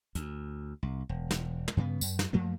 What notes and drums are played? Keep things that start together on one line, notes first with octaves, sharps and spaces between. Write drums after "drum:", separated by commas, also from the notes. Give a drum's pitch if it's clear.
D2, drum: hi-hat
C2
E1
drum: snare
drum: tom
G2 C#3 B3
F#2, drum: tambourine
drum: snare
F#2 F3 A3 A#3